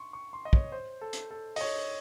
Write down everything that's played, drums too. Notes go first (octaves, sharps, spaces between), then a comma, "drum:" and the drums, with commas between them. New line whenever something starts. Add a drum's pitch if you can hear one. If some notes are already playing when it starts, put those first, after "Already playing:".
Already playing: C6 C#6
C#6
C6
D#5
C#5, drum: kick
C5
A4
drum: hi-hat
A4
D#5, drum: open hi-hat
C#5